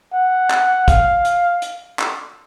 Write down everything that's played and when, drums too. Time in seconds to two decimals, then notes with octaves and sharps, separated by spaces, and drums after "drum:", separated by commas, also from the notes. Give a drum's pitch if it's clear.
0.13 F#5
0.50 drum: clap
0.88 F5, drum: kick, hi-hat
1.25 drum: hi-hat
1.62 drum: hi-hat
1.99 drum: clap